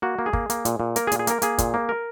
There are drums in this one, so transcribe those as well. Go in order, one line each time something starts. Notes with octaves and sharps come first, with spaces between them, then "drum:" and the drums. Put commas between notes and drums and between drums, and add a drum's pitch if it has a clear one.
A#3 F#4
A#3
G#4
A#3, drum: kick
A#3, drum: hi-hat
A#2, drum: hi-hat
A#2
A#3 A#4, drum: hi-hat
G#4
A#2, drum: hi-hat
G#4
A#3 A#4, drum: hi-hat
A#3 G#4, drum: hi-hat
A#2, drum: kick, hi-hat
A#3
A#4